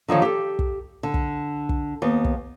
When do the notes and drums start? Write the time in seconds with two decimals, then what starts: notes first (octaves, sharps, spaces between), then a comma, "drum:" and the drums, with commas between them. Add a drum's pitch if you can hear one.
0.08 D3 D#3 F3 C#5
0.22 G4 A4
0.59 drum: kick
1.03 D3
1.14 drum: kick
1.69 drum: kick
2.02 D#2 B3
2.24 drum: kick